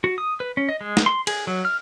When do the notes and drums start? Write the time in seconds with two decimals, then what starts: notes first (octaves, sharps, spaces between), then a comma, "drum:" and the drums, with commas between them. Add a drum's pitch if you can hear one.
0.04 F#4
0.18 D#6
0.40 B4
0.57 C#4
0.69 D#5
0.81 G#3
0.97 drum: snare
1.06 C6
1.27 G#4, drum: cymbal
1.47 F#3
1.65 F6